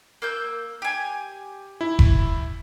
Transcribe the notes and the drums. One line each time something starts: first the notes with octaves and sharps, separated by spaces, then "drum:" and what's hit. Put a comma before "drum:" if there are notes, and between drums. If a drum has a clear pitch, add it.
A#3 E6 G6
G4 G#5
E4
drum: kick F1